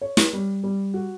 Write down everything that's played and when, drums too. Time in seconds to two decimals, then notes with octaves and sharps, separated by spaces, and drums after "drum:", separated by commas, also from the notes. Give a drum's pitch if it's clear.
0.01 C#5
0.17 drum: snare
0.33 G3
0.64 G3
0.94 F#4